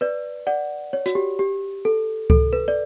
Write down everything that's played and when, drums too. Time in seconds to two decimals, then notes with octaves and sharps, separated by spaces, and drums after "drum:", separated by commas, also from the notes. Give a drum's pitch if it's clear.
0.01 B4 D5
0.47 D5 F#5
0.93 C#5
1.06 F#4, drum: hi-hat
1.15 G4
1.39 G4
1.85 A4
2.30 A4, drum: kick C#2
2.53 B4
2.68 D5